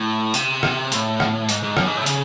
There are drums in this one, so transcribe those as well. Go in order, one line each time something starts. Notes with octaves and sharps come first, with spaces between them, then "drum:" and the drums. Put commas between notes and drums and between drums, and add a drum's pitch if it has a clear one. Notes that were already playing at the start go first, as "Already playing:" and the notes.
Already playing: A2
C3, drum: hi-hat
drum: rim click
A2, drum: hi-hat
drum: rim click
G#2, drum: hi-hat
G#2
F#2, drum: rim click
G#2
A2
C3
C#3, drum: hi-hat